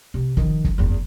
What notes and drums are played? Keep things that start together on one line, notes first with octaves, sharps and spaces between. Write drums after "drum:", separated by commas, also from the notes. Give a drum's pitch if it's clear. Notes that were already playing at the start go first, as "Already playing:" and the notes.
C3
D#3 F3, drum: kick
drum: kick
F#1 E2